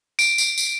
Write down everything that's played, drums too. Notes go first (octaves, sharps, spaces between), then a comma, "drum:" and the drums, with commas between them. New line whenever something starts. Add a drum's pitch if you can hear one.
D7, drum: tambourine
drum: tambourine
drum: tambourine